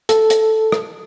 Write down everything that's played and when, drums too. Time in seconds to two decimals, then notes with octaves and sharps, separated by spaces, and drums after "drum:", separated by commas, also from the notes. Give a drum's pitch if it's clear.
0.09 A4, drum: hi-hat
0.30 drum: hi-hat
0.72 drum: rim click